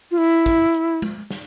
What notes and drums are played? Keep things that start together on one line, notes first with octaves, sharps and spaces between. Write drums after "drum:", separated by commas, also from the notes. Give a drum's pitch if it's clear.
F4
E4, drum: open hi-hat
drum: kick, hi-hat
drum: hi-hat
drum: tom G#3
drum: snare